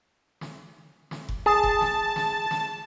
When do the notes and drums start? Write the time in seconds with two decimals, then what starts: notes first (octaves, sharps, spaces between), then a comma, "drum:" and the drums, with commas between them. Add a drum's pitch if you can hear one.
0.41 drum: snare
1.11 drum: snare
1.29 drum: kick F1
1.46 G#4 A5
1.63 drum: kick F1
1.81 drum: snare
2.16 drum: snare
2.51 drum: snare